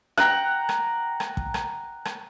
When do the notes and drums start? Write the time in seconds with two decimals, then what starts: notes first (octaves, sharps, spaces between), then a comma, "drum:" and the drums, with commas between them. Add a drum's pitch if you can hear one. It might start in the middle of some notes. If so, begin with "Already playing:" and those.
0.17 F#5 G5 A#5, drum: rim click
0.69 drum: rim click
1.20 drum: rim click
1.37 drum: kick
1.54 drum: rim click
2.05 drum: rim click